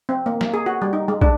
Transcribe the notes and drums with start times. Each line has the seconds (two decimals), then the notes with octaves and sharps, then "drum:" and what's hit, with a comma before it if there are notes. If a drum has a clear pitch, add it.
0.09 C4
0.26 A#3
0.41 A#3, drum: snare
0.54 G#4
0.66 F#4
0.82 G3
0.93 D#4
1.08 G#3
1.21 D4, drum: kick